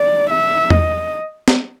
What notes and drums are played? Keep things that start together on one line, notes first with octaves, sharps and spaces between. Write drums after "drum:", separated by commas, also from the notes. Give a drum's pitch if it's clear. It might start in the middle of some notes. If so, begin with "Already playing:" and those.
Already playing: D5
E5
D#5, drum: tom E2
drum: snare